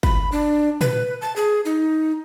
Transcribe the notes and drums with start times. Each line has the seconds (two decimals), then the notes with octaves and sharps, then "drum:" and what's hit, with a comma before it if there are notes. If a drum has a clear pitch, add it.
0.03 B5, drum: kick G1
0.32 D4
0.81 B4, drum: tom
1.21 A5
1.36 G#4
1.65 D#4